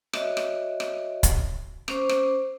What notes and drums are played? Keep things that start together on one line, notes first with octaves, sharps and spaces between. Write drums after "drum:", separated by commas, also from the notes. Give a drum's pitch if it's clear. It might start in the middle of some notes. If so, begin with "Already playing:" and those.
F#4 C#5 D#5 E5, drum: rim click
drum: rim click
drum: rim click
drum: kick, hi-hat
C#4 C5 D6, drum: rim click
drum: rim click